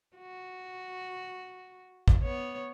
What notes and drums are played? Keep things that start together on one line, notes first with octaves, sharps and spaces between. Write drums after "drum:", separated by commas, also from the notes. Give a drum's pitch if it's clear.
F#4
drum: kick A1
B3 C#5